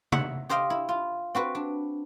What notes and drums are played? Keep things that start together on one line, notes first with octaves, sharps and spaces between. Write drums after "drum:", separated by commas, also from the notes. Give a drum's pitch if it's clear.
E5 F#5, drum: tom C3
G4 C5 D#5 F5 G5
E4
F4
C4 F#4 B4
D4